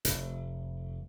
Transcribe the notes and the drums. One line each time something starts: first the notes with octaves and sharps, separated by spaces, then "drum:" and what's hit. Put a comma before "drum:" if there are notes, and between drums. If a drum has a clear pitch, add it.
F1, drum: hi-hat